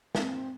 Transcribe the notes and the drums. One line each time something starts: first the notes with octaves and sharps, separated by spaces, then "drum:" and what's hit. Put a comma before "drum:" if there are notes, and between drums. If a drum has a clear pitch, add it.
C4, drum: snare